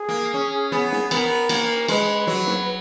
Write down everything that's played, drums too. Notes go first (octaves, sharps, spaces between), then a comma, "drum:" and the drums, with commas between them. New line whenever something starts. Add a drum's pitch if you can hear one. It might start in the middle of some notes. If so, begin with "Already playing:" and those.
Already playing: G#4
A#3
C#4
B3
drum: snare
B3 A#4, drum: cymbal
A#3, drum: cymbal
G#3 B4, drum: cymbal
F#3
drum: snare